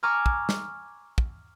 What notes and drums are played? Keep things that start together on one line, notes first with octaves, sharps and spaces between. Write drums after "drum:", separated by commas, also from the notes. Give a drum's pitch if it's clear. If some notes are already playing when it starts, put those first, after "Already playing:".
G#5 A#5 C#6 D6 E6 F6
drum: kick
drum: snare
drum: kick